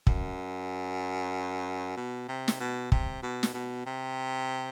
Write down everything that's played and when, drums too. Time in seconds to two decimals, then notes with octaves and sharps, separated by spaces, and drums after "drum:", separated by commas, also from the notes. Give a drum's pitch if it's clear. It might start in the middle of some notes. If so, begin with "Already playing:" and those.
0.07 F#2, drum: kick
1.97 B2
2.28 C3
2.48 drum: snare
2.60 B2
2.92 C3, drum: kick
3.23 B2
3.43 drum: snare
3.54 B2
3.86 C3